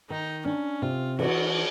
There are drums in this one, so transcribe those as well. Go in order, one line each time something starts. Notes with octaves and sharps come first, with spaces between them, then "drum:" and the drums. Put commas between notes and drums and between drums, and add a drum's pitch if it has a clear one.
D#3 D#4
C#4 D4
C3 F4
E3 F#4, drum: cymbal